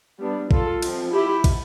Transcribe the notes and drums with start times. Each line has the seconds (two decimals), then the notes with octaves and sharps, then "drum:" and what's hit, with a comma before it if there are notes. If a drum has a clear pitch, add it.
0.20 G3 B3 D4
0.51 F4 A4, drum: kick
0.82 F3 C4, drum: cymbal
1.12 E4 G4
1.44 drum: kick, cymbal